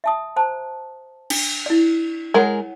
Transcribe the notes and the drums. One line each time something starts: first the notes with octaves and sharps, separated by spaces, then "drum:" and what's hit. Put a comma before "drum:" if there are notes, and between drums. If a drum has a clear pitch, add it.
E5 A5 D#6
C5 A5 A#5
D4, drum: cymbal
E4 D5
G#3 A#4 C#5 F#5 G#5